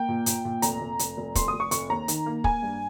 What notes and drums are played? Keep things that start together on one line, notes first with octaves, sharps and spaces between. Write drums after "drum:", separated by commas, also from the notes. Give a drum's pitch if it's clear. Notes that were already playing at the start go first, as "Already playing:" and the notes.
Already playing: A#3 G5
A#2
A#2, drum: hi-hat
A#2
F1 A#5, drum: hi-hat
F1
F1, drum: hi-hat
F1
F1 C6, drum: kick, hi-hat
D#6
F1
C#6
F1 C#6, drum: hi-hat
D#2 A#5
D#3, drum: hi-hat
A#3
A#3 G#5, drum: kick
G2